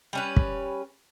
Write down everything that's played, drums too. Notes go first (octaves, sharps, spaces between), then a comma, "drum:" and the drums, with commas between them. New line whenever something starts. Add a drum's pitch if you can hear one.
G3 C#4 B4
drum: kick